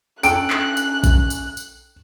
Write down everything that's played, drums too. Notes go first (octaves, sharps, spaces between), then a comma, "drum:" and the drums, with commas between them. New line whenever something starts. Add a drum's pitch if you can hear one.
C#4 A4 G5 A5 F#6 D7, drum: tambourine
drum: clap
drum: tambourine
drum: kick A#1, tambourine
drum: tambourine
drum: tambourine